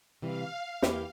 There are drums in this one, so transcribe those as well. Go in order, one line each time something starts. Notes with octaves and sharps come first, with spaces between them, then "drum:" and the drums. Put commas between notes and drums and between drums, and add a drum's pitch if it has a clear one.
C3 E3 G3 F5
E2 E3 A#3 E4 G4, drum: snare